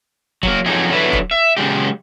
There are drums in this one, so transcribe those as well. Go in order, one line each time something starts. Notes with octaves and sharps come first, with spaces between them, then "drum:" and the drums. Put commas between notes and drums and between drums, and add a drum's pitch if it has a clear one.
F#3 A#3, drum: kick
F2 F#3 D#4 G#4
D3 F#3 E4 B4
drum: kick
E5
C#3 F#3 G#3 G4